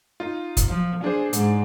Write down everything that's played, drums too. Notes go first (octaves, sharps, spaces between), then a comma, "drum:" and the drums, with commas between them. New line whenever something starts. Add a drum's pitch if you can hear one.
D#4 F4
drum: kick, hi-hat
F3
D4 G#4 C5
G#2, drum: hi-hat